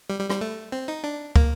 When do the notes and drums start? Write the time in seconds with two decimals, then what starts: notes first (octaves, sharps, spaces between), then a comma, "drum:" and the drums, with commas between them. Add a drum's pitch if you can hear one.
0.10 G3
0.20 G3
0.30 G3, drum: rim click
0.41 A3
0.72 C4
0.88 D#4
1.04 D4
1.36 A#3, drum: kick